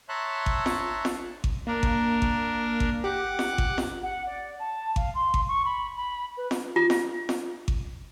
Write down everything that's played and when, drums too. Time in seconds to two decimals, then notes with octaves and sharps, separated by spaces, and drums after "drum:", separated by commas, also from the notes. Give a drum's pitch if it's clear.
0.09 C#5 E5 A5 A#5 C6 F#6
0.46 drum: kick G#1
0.66 drum: snare
1.05 drum: snare
1.44 drum: kick G#1
1.67 A#3 D4 A#4
1.83 drum: kick G#1
2.22 drum: kick G#1
2.80 drum: kick G#1
3.04 G4 F#5 D6
3.39 drum: snare
3.58 drum: kick G#1
3.78 drum: snare
4.02 F#5
4.26 D5
4.59 A5
4.96 F5, drum: kick G#1
5.14 C6
5.34 drum: kick G#1
5.48 C#6
5.64 B5
5.96 B5
6.37 B4
6.51 drum: snare
6.76 F4
6.90 drum: snare
7.29 drum: snare
7.68 drum: kick G#1